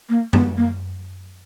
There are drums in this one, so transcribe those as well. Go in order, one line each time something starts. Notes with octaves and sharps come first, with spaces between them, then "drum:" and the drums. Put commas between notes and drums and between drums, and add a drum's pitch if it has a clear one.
A#3
B3, drum: tom F#2
A#3